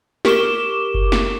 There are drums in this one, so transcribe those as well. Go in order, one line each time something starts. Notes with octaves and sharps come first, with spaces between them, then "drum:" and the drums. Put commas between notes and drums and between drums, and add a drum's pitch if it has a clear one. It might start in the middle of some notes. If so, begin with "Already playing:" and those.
G4 A#4 C#6 D6 E7 G7, drum: snare
drum: kick F#1
drum: snare